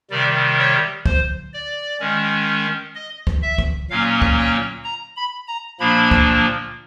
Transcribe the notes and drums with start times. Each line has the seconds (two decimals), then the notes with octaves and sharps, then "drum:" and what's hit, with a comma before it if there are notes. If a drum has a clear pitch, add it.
0.10 C3 D#3 G3 D5
0.58 C#5
1.06 C5, drum: kick
1.54 D5
2.00 D#3 G#3 C#4
2.95 D#5
3.27 drum: kick
3.42 E5
3.58 drum: kick
3.90 A#2 F#3 A#3 C#4 F5
4.22 drum: kick
4.37 G5
4.84 A#5
5.16 B5
5.48 A#5
5.80 A#2 F3 A#3 D4 B5
6.11 drum: kick